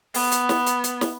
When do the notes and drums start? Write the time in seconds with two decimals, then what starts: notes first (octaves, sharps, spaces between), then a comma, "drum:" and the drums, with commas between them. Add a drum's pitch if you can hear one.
0.14 B3, drum: open hi-hat
0.32 drum: hi-hat
0.49 drum: snare
0.66 drum: hi-hat
0.84 drum: hi-hat
1.01 drum: snare